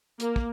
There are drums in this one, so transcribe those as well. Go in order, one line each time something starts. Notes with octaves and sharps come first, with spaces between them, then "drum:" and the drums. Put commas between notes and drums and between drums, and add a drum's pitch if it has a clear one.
A#3, drum: hi-hat
drum: kick